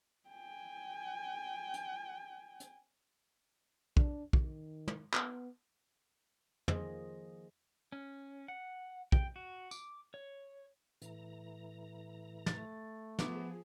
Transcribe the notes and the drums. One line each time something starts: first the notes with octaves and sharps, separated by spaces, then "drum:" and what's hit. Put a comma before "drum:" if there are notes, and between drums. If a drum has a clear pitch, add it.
G5 G#5
drum: hi-hat
drum: hi-hat
D4, drum: kick
D#3, drum: kick
drum: tom
B3, drum: clap
D#3 F3 A#3 G#4 C5 D#5, drum: tom
C#4
F#5
G5, drum: kick
F#4
D6, drum: tambourine
C#5
A2 E3 A#5, drum: hi-hat
A3 A6, drum: snare
F3 B3 G#4 E5 D6, drum: snare